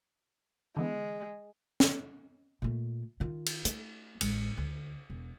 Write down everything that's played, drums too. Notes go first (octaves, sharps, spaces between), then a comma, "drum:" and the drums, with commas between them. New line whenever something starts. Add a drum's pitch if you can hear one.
D3 E3 G#3 B3
drum: snare
A#2 A3
D#3 F4
drum: cymbal
A3, drum: hi-hat
A1 G#3, drum: cymbal
D2
E1